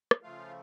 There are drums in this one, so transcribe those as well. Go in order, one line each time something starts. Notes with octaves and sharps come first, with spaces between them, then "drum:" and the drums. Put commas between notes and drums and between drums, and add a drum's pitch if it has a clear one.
drum: rim click
C#3 F3 A3 F4 F5